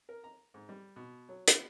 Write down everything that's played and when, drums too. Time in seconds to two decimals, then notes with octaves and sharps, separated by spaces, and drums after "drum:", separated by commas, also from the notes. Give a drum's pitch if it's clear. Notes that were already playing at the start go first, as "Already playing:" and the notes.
0.09 A#4
0.24 A#5
0.54 G#2
0.69 G3
0.96 B2
1.29 F#3
1.48 B3, drum: hi-hat